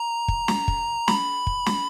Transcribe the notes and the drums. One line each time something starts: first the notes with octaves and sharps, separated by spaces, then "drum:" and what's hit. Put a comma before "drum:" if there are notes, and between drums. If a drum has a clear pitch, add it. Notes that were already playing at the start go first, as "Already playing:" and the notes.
Already playing: A#5
drum: kick
drum: snare
drum: kick
B5, drum: snare
drum: kick
drum: snare